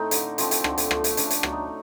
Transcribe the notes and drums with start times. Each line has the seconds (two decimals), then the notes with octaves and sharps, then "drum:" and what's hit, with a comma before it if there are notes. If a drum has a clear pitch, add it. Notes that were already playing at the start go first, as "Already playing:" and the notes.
Already playing: A2 A3 C4 D#4
0.11 D3, drum: hi-hat
0.38 F3 A3 C4, drum: hi-hat
0.51 drum: hi-hat
0.64 D3, drum: rim click
0.78 drum: hi-hat
0.91 F3 A3 C4, drum: rim click
1.04 drum: hi-hat
1.17 C#3 D4, drum: hi-hat
1.30 drum: hi-hat
1.43 F#3 A3, drum: rim click
1.52 D#4